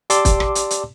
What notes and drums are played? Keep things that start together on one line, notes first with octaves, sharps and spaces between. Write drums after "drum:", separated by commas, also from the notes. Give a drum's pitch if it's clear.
G4 D5 A5 C6 D6 E6, drum: hi-hat
drum: kick, hi-hat
drum: rim click
drum: hi-hat
drum: hi-hat